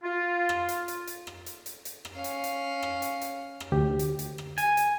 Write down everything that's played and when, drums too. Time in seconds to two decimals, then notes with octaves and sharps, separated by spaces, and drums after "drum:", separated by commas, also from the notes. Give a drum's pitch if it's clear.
0.04 F4
0.49 drum: rim click
0.69 drum: hi-hat
0.88 drum: hi-hat
1.07 drum: hi-hat
1.27 drum: rim click
1.46 drum: hi-hat
1.66 drum: hi-hat
1.85 drum: hi-hat
2.05 drum: rim click
2.15 C#4 F5
2.24 drum: hi-hat
2.44 drum: hi-hat
2.83 drum: rim click
3.02 drum: hi-hat
3.21 drum: hi-hat
3.60 drum: rim click
3.72 D2 G4
3.99 drum: hi-hat
4.19 drum: hi-hat
4.38 drum: rim click
4.58 G#5, drum: hi-hat
4.77 drum: hi-hat